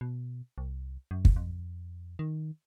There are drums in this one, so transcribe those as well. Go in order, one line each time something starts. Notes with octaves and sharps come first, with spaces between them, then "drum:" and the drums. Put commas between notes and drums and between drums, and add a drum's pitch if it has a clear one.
B2
C2
F#2
drum: kick
F2
D#3